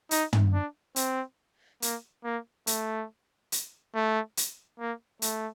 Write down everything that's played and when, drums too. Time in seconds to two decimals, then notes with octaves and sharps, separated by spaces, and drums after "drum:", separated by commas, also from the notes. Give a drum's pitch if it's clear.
0.11 D#4, drum: hi-hat
0.33 drum: tom
0.53 D4
0.96 C4, drum: hi-hat
1.82 A#3, drum: hi-hat
2.24 A#3
2.67 A3, drum: hi-hat
3.52 drum: hi-hat
3.94 A3
4.37 drum: hi-hat
4.79 A#3
5.22 A3, drum: hi-hat